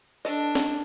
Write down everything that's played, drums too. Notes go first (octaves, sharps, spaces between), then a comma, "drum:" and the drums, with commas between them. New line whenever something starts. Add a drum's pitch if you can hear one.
D4 A4 D#5
drum: snare